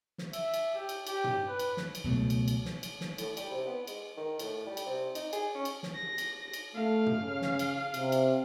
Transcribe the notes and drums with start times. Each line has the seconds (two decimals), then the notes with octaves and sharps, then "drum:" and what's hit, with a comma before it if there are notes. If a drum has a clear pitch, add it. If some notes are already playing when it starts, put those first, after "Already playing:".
0.18 drum: snare
0.33 E5, drum: cymbal
0.54 drum: cymbal
0.75 G4
0.89 drum: cymbal
1.07 G4, drum: cymbal
1.24 drum: tom
1.47 B4
1.59 drum: cymbal
1.77 drum: snare
1.95 drum: cymbal
2.04 C#2 B2 F#3 A3
2.30 drum: cymbal
2.48 drum: cymbal
2.65 drum: snare
2.83 drum: cymbal
3.01 drum: snare
3.18 A2, drum: cymbal
3.37 G3, drum: cymbal
3.51 C3
3.66 B3
3.87 G#3, drum: cymbal
4.17 D#3
4.39 A2, drum: cymbal
4.66 G3
4.77 drum: cymbal
4.86 C3
5.15 D#4, drum: cymbal
5.33 G#4, drum: cymbal
5.54 C#4
5.65 drum: cymbal
5.83 drum: snare
5.95 A#6
6.18 drum: cymbal
6.53 drum: cymbal
6.75 A3 F5
7.06 drum: tom
7.18 C#3
7.42 drum: snare
7.59 drum: cymbal
7.94 C3, drum: cymbal
8.12 drum: cymbal